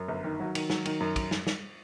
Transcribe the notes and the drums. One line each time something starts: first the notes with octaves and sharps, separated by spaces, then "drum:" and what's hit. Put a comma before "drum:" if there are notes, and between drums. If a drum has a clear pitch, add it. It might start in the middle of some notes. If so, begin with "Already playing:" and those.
Already playing: F#2
G1
D#3
F#3
D#3, drum: cymbal
F#3, drum: snare
D#3, drum: cymbal
F#2
drum: kick, cymbal
drum: snare
drum: snare